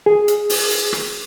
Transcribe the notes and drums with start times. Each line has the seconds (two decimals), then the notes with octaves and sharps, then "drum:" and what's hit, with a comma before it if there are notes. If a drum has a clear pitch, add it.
0.06 G#4
0.28 drum: hi-hat
0.49 drum: open hi-hat
0.71 drum: hi-hat
0.93 drum: rim click